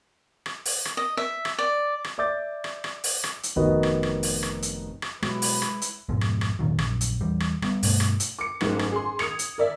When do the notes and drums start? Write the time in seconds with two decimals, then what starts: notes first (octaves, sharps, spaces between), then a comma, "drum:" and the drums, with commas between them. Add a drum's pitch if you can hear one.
0.46 drum: rim click
0.65 drum: open hi-hat
0.85 drum: rim click
0.97 D#5
1.17 E5
1.45 drum: rim click
1.59 D5
2.04 drum: rim click
2.18 D5 E5 D6 G6 A6
2.64 drum: rim click
2.84 drum: rim click
3.04 drum: open hi-hat
3.24 drum: rim click
3.43 drum: hi-hat
3.56 F1 D#3 B3 F#4 D#5
3.83 drum: rim click
4.03 drum: rim click
4.23 drum: open hi-hat
4.43 drum: rim click
4.62 drum: hi-hat
5.02 drum: rim click
5.22 B2 F#3 G#3 E4 G4 B4, drum: rim click
5.42 drum: open hi-hat
5.62 drum: rim click
5.82 drum: hi-hat
6.09 F2 G#2 B2 G#3
6.21 drum: rim click
6.41 drum: rim click
6.59 F2 A#2 D#3 F#3
6.79 A#1 F#2, drum: rim click
7.01 drum: hi-hat
7.21 E2 G3
7.40 drum: rim click
7.62 G3 B3, drum: rim click
7.83 G2 B2 A3, drum: open hi-hat
8.00 drum: rim click
8.20 drum: hi-hat
8.39 D6 C#7
8.61 F#1 B1 G#2 A3, drum: rim click
8.79 drum: rim click
8.92 G#4 C6
9.19 D#6 G#6 C#7 F7, drum: rim click
9.39 drum: hi-hat
9.58 A#4 D5 E5